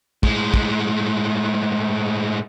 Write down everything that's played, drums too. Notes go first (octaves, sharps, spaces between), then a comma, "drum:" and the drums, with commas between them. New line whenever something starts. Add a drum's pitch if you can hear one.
A2 G#3, drum: kick
drum: kick